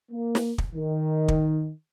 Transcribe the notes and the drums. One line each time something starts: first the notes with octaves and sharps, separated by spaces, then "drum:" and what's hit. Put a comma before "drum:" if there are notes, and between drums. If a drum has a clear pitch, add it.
A#3
drum: snare
drum: kick
D#3
drum: kick